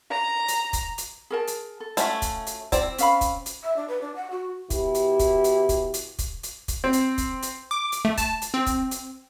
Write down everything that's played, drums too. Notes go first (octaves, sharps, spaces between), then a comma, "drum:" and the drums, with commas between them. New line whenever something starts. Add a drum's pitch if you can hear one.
A#5
drum: hi-hat
drum: kick, hi-hat
drum: hi-hat
G#4 A#4 A5
drum: hi-hat
A4
A3 C#4 F4 F#4 E5, drum: hi-hat
drum: kick, hi-hat
drum: hi-hat
C4 E4 D5, drum: kick, hi-hat
C#4 F5 B5, drum: hi-hat
drum: kick, hi-hat
drum: hi-hat
E5
D4
B4
D4
F#5
F#4
B2 E4 G4, drum: kick, hi-hat
drum: hi-hat
drum: kick, hi-hat
drum: hi-hat
drum: kick, hi-hat
drum: hi-hat
drum: kick, hi-hat
drum: hi-hat
drum: kick, hi-hat
C4
drum: hi-hat
drum: kick, hi-hat
drum: hi-hat
D6
drum: hi-hat
A3
A5, drum: kick, hi-hat
drum: hi-hat
C4
drum: kick, hi-hat
drum: hi-hat